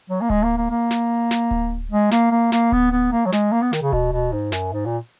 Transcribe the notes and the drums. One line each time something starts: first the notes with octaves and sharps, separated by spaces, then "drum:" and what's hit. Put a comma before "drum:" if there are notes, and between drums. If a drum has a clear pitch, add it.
F#3
A#3
G#3, drum: kick D1
A#3
A#3
A#3
drum: snare
drum: snare
drum: kick D1
G#3
A#3, drum: snare
A#3
A#3, drum: snare
B3, drum: kick D1
B3
A#3
F#3
G#3, drum: snare
A#3
B3
D#3, drum: snare
C#3
B2, drum: kick D1
B2
G#2
F#2, drum: snare
G#2
A#2